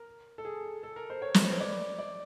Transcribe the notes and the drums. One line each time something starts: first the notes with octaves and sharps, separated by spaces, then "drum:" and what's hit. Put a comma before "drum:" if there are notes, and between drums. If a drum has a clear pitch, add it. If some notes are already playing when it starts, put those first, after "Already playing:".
Already playing: A#4
A4
G#4
A4
A#4
C5
C#5
B4, drum: snare
C5
C#5
D5
D5